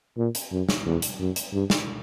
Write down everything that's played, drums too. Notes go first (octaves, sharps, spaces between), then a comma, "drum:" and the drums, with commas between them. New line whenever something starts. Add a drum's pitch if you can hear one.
A#2
drum: hi-hat
F#2
drum: snare
E2
drum: hi-hat
F#2
drum: hi-hat
G2
drum: snare